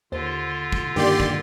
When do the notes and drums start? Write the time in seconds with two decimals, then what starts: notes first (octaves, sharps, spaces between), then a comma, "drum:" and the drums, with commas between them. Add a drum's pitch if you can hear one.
0.12 D#2 D3 F4 C5 A6
0.72 drum: kick
0.96 G2 D#3 A#3 G4 A#4 D5 C6
1.20 drum: kick